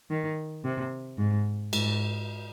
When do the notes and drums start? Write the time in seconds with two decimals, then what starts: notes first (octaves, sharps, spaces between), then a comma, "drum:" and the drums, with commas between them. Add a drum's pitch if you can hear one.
0.11 D#3
0.64 C3
1.18 G#2
1.73 G#2, drum: cymbal